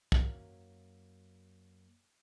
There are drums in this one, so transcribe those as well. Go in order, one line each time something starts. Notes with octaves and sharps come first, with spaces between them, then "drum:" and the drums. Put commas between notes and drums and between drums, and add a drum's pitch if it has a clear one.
F#2 F#3 A#3, drum: kick